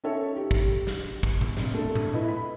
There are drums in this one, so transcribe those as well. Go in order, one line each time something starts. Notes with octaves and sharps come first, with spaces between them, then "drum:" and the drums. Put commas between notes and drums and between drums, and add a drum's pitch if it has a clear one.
C#4 D#4 A4 C#5 E5 A5
G4
drum: kick
drum: snare
drum: kick
drum: tom A2
F1, drum: snare
A3 D4 A4
drum: tom A2
E4 B4 D#5
B5